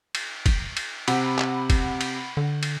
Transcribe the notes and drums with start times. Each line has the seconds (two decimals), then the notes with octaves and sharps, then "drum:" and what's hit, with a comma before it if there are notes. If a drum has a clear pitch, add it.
0.15 drum: cymbal
0.46 drum: kick, cymbal
0.77 drum: cymbal
1.08 C3 F#5 B5, drum: cymbal
1.39 drum: clap
1.70 drum: kick, cymbal
2.01 drum: cymbal
2.37 D3
2.63 drum: cymbal